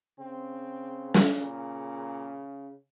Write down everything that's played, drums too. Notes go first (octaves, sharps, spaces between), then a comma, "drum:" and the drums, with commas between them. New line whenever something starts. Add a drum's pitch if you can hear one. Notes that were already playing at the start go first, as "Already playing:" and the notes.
C#3 C4
drum: snare
A#2